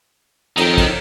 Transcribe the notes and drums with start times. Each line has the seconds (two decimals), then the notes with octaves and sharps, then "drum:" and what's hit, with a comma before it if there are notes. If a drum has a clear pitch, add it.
0.57 F2 D#4 G5, drum: cymbal
0.78 drum: kick, cymbal